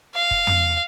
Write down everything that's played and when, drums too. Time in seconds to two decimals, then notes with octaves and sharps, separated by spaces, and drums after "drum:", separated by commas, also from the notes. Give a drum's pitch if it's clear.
0.15 F5
0.31 drum: kick
0.47 drum: tom